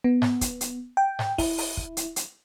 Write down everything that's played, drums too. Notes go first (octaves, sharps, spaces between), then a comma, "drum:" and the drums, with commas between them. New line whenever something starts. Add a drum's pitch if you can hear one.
B3
drum: snare G#2
drum: kick, hi-hat
drum: hi-hat
G5
drum: snare G#2
E4, drum: kick, open hi-hat
drum: open hi-hat
drum: kick
drum: hi-hat
drum: hi-hat